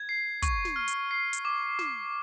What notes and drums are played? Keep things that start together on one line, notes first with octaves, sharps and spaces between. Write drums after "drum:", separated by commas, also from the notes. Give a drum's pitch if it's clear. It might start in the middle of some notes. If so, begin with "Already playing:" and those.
Already playing: G#6
C7
C#6, drum: kick, hi-hat
drum: snare
F6
drum: hi-hat
C7
drum: hi-hat
D6
D6, drum: snare